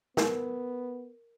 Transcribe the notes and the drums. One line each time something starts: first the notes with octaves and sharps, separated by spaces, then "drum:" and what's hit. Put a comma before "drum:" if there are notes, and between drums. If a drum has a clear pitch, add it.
B3 A#4, drum: snare